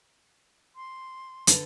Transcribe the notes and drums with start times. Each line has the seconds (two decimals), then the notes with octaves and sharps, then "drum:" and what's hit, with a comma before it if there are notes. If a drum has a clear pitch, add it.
0.76 C6
1.47 D3 A4 B4, drum: hi-hat